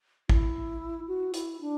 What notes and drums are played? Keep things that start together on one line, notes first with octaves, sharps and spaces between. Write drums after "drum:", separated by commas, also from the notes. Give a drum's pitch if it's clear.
E4, drum: kick
F#4
E4, drum: hi-hat
D4